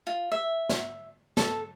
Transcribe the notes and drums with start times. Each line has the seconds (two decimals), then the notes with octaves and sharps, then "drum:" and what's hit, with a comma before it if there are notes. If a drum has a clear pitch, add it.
0.07 F4
0.32 E5
0.69 drum: snare
1.37 A4, drum: snare